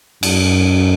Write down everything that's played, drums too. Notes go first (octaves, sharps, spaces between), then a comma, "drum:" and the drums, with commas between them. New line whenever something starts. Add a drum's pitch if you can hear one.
F#2, drum: cymbal